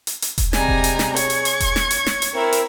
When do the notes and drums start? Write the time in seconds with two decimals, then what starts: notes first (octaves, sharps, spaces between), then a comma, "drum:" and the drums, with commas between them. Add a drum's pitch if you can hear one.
0.07 drum: hi-hat
0.22 drum: hi-hat
0.38 drum: kick E1, hi-hat
0.53 C3 G3 G#3 G#5 A#5, drum: snare
0.68 drum: kick E1
0.84 drum: hi-hat
0.99 drum: snare
1.16 G#4 C#5 C#6 G#6, drum: hi-hat
1.30 drum: hi-hat
1.45 drum: hi-hat
1.60 drum: kick E1, hi-hat
1.76 drum: snare
1.91 C#5, drum: hi-hat
2.06 drum: snare
2.22 drum: hi-hat
2.34 C4 E4 A#4 E6
2.53 drum: hi-hat